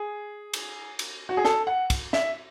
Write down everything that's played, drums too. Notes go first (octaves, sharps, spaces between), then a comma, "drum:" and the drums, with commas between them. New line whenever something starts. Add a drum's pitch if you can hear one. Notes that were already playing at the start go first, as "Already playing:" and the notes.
Already playing: G#4
drum: cymbal
drum: cymbal
F#4
G#4
A4, drum: snare
F#5
drum: kick, cymbal
E5, drum: snare